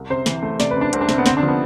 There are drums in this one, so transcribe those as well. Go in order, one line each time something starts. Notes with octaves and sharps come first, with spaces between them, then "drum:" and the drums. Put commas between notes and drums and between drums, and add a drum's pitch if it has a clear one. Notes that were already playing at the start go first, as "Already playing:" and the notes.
Already playing: C2
C3 C5
E3, drum: snare
A3
C3 D5, drum: snare
B4
C3 D4
C2 C4, drum: hi-hat
D4
C3 C4, drum: snare
B3
D3 C4, drum: snare
D4
F3 B3